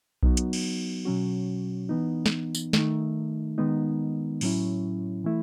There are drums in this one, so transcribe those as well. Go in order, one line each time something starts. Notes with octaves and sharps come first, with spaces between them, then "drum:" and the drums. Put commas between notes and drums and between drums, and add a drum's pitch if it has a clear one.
F#3 B3 D#4 F#4, drum: kick B1
drum: hi-hat
drum: cymbal
B2 F#3 C#4 F#4
E3 B3 D#4
drum: snare
drum: tambourine
D#3 A3 D#4, drum: snare
D#3 G#3 B3 D#4
A2 F#3 C#4 E4, drum: open hi-hat
E3 A3 E4